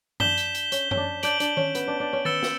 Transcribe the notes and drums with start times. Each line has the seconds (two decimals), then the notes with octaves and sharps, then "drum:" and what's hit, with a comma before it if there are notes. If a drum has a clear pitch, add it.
0.20 D4 G6 B6 E7 G7, drum: tom F#2
0.37 drum: hi-hat
0.55 drum: hi-hat
0.72 C#4, drum: hi-hat
0.91 C#4, drum: tom F#2
0.97 D4
1.23 D4 G6 D7 F#7, drum: hi-hat
1.40 D4, drum: hi-hat
1.57 C#4, drum: tom D#3
1.75 B3, drum: hi-hat
1.88 D4
2.00 D4
2.13 C#4
2.25 B3 E6 A6 C#7 E7 G7, drum: tom D#3
2.43 drum: snare